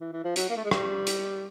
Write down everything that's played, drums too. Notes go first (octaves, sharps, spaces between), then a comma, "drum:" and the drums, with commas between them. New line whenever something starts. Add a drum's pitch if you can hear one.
E3
E3
F3
F#3, drum: hi-hat
A#3
A3
G#3
G3, drum: rim click
drum: hi-hat